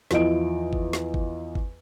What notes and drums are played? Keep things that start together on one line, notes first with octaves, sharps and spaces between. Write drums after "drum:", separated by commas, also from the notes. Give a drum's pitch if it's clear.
E2 F3 E4 D#5 D7, drum: snare
drum: kick G1
drum: snare
drum: kick G1
drum: kick G1